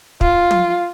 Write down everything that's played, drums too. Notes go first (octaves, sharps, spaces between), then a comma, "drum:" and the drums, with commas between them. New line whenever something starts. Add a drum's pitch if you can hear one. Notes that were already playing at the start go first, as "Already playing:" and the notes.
F4, drum: kick
drum: tom